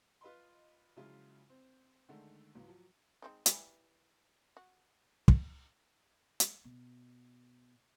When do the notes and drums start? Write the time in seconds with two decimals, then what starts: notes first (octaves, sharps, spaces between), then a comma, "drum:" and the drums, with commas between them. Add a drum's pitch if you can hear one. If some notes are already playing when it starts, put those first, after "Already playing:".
0.21 F4 B4 D#5 B5 C6
0.96 C#3 F3 F#3 G#3 E4 F4
1.49 C4
2.09 D3 D#3 G#3 A3
2.55 C#2 G#2 E3 F#3
2.68 F3 F#3
3.22 G#3 C4 D#4
3.46 E3 G3, drum: hi-hat
4.57 F#4
5.28 drum: kick
6.40 drum: hi-hat
6.64 B2